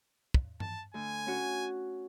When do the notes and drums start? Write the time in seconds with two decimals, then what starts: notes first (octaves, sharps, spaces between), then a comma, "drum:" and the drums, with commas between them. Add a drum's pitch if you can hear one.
0.34 drum: kick
0.60 A5, drum: tom G2
0.94 D2 G#5
1.27 C#4 F#4